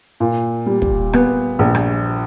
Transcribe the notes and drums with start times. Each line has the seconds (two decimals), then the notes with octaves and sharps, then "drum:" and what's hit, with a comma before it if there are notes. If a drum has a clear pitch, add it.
0.20 A#2
0.66 G3
0.82 drum: kick
1.13 B3, drum: rim click
1.59 A#1
1.75 drum: rim click